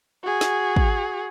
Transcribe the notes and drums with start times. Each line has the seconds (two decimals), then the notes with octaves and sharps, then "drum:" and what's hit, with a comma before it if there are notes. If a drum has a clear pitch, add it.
0.24 F#4 G#4
0.41 drum: snare
0.76 drum: kick